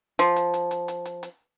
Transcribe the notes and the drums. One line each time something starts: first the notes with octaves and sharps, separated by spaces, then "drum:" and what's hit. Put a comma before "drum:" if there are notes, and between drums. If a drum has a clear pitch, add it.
F3
drum: hi-hat
drum: hi-hat
drum: hi-hat
drum: hi-hat
drum: hi-hat
drum: hi-hat